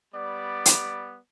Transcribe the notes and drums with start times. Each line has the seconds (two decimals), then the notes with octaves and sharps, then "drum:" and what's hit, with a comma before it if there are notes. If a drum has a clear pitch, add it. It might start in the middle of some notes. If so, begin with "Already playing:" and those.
0.14 G3 B3 D5
0.66 drum: hi-hat